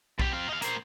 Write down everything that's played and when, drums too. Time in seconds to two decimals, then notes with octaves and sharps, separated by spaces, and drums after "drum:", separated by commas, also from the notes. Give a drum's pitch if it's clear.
0.19 E2 G4, drum: kick
0.33 C4 F5
0.50 D#4 F5
0.62 A#3 C5, drum: hi-hat